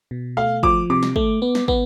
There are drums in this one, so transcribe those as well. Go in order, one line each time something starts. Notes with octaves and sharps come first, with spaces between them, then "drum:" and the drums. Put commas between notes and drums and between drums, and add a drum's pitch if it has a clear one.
B2
A3 F5
F3 D6, drum: kick
C3 D6
drum: snare
A3, drum: kick
B3
drum: snare
B3, drum: kick